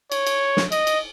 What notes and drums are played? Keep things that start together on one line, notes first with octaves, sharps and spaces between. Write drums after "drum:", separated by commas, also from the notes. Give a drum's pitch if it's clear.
C#5, drum: cymbal
drum: cymbal
drum: snare
D#5, drum: cymbal
drum: cymbal